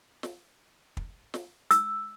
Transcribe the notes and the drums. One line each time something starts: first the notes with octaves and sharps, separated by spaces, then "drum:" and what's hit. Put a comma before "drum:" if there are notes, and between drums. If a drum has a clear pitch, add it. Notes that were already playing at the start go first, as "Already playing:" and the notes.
drum: snare
drum: kick
drum: snare
E6, drum: hi-hat